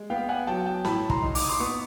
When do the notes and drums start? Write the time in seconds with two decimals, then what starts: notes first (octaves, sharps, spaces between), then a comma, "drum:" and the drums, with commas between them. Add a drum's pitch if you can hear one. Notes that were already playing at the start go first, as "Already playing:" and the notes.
Already playing: G#3
0.10 B3 F5 G5
0.29 F#5 G#5
0.47 F#3 G5 A5
0.66 G5 A5
0.85 A2 A5 B5, drum: snare
1.10 A#5 C6, drum: kick
1.22 D#4
1.35 D6, drum: open hi-hat
1.42 D#6
1.49 C6 D6
1.60 B3 C#6 D#6